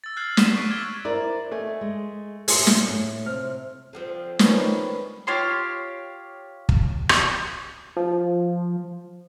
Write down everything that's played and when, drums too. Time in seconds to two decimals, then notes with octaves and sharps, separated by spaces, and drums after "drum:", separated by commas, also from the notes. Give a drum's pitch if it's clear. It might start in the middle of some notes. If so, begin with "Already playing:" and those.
0.04 E6 A6
0.16 F6 F#6 G#6 C7 F#7
0.37 B6 D#7 E7, drum: snare
0.55 C#6 B6 D7 D#7
0.70 D6 E6 G#6 B6 G7
1.05 E4 A#4 C5 D5
1.51 A3 D#5 E5 G#5
1.81 G#3
2.48 A#2 G#4 E5 C6, drum: open hi-hat
2.67 drum: snare
2.89 A2
3.26 C3 F6
3.93 D3 F3 C4
4.39 D#3 C#4 B4 C5 B5, drum: snare
5.27 F4 G4 C#5 C6
6.69 drum: kick
7.09 drum: rim click
7.97 F3